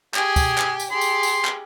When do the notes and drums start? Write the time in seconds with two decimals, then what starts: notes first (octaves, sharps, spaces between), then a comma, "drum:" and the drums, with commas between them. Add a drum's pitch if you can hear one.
0.14 G4 G#4 G#5, drum: clap
0.36 drum: kick, tambourine
0.58 drum: clap
0.80 drum: tambourine
0.91 G4 G#4 C6
1.01 drum: tambourine
1.23 drum: tambourine
1.45 drum: clap